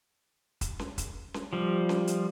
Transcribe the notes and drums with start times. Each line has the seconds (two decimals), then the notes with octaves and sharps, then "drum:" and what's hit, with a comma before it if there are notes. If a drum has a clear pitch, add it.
0.61 drum: kick, hi-hat
0.79 drum: snare C#4
0.98 drum: kick, hi-hat
1.34 drum: snare C#4
1.53 F3 G3
1.89 drum: snare C#4
2.07 drum: hi-hat